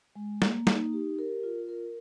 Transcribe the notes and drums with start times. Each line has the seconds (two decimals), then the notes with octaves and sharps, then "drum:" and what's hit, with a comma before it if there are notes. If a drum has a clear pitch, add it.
0.16 G#3
0.42 A#3, drum: snare
0.67 D#4, drum: snare
0.93 G4
1.19 A#4
1.43 F4
1.69 A#4